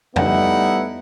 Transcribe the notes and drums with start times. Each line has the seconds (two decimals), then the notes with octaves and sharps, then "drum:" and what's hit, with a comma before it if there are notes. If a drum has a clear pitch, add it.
0.16 G3 A3 B3 D#4 E4 F#5, drum: tom